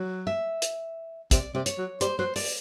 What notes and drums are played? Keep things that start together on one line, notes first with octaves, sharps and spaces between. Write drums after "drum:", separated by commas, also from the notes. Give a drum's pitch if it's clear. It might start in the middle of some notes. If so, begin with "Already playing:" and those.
Already playing: F#3
E5
drum: hi-hat
C3 D5, drum: kick, hi-hat
C3 D5
C#5, drum: hi-hat
F#3
G3 C5, drum: hi-hat
F#3 C5
D5, drum: open hi-hat